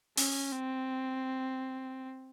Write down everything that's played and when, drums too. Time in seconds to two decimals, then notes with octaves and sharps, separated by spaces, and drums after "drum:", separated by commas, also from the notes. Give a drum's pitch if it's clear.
0.17 C#4, drum: open hi-hat
0.52 C4